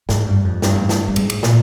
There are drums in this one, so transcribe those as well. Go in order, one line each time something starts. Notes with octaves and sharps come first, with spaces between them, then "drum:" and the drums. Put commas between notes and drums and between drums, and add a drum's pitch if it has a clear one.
G#2, drum: snare
G2
F2
G2, drum: snare
drum: tom G#2
drum: snare
G2
G#2, drum: cymbal
drum: cymbal
A#2, drum: snare